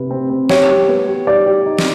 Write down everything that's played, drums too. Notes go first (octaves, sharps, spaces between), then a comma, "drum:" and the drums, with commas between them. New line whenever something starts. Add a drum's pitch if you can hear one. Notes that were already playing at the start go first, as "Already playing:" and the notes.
Already playing: C3 B4
C4
C4
G4 C#5, drum: snare
G3
B3
G4
G3 D5
G4
D#4
drum: snare